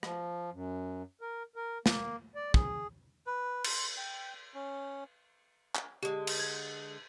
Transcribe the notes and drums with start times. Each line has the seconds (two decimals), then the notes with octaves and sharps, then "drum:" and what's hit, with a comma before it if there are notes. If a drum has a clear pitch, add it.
0.03 F3, drum: rim click
0.53 F#2
1.21 A#4
1.56 A#4
1.86 A#3, drum: snare
2.35 D5
2.54 G#4, drum: kick
3.26 B4
3.64 C6, drum: cymbal
3.97 G5
4.54 C#4
5.75 drum: clap
6.03 D3 G#3 G4
6.27 drum: cymbal
6.40 G#6